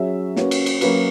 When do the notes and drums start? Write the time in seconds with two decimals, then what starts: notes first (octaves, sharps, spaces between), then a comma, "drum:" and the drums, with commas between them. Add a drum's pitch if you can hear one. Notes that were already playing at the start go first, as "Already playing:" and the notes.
Already playing: F#3 C#4 G#4 C#5 E5
0.36 A#3 C#4 F#4 B4, drum: snare
0.51 drum: cymbal
0.66 drum: cymbal
0.81 F#3 A#3 C#4 F#4 B4, drum: cymbal